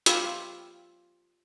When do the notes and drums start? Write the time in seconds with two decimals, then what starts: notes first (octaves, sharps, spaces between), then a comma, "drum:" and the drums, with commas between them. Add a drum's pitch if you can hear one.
0.06 F4 G4 B5 E6, drum: hi-hat